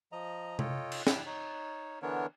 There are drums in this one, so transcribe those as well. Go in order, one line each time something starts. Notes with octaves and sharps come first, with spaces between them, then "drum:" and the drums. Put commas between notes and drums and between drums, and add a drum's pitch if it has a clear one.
F3 D#5 A#5
F4 A4 C#5 D#5 G5, drum: tom C3
drum: cymbal
D4 E4 G5 E6, drum: snare
D#4 C#5
D3 E3 B3 D4 A#4 C#5